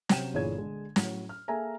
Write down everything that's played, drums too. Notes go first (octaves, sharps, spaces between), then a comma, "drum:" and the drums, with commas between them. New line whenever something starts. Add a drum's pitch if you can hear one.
C3 F#3 G5 D#7 E7, drum: snare
G1 A#2 E3 G#4 C#5 G#6
D3 G#3
A2 F#3, drum: snare
F6
A#3 G#4 A4 E5 G#5 A#5